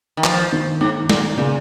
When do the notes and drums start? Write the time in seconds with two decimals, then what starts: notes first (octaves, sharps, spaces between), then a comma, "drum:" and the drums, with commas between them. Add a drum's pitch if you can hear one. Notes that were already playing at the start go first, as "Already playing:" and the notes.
0.17 D#3
0.24 F3, drum: clap
0.52 D#3
0.81 G#2 D#3
1.09 A#2, drum: snare
1.38 A#2 C#3